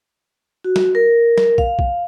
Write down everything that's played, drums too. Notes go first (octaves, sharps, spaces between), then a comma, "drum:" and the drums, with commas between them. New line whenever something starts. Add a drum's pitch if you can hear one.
F#4
drum: snare
A#4
drum: snare
F5, drum: kick
drum: kick